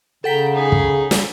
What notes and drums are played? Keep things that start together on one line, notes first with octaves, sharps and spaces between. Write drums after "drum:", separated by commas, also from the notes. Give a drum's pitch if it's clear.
C#3 A4 F#5 G5 A#5 B6
D#4 G#4
drum: kick
drum: snare